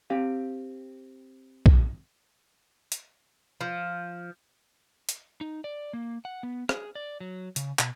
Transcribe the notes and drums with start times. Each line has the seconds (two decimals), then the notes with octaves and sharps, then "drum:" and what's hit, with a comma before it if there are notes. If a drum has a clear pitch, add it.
0.10 C4 G4 F5
1.66 drum: kick
2.92 drum: hi-hat
3.61 F3
5.09 drum: hi-hat
5.41 D#4
5.64 D5
5.93 A#3
6.25 F#5
6.43 B3
6.69 G#4, drum: rim click
6.95 D5
7.20 F#3
7.56 C#3, drum: hi-hat
7.79 B2, drum: clap